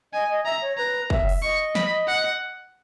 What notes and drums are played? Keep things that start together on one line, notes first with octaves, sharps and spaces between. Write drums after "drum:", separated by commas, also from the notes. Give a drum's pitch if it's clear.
D#5 G#5
D#5
E5 A#5
C#5
B4 A#5
E5, drum: kick
drum: open hi-hat
D#5 C#6
B5, drum: snare
F#5